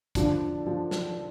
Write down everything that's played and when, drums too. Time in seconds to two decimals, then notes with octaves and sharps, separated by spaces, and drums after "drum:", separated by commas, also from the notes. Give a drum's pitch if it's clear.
0.15 D3 F3 D4, drum: kick, hi-hat
0.66 F3 D4
0.91 drum: snare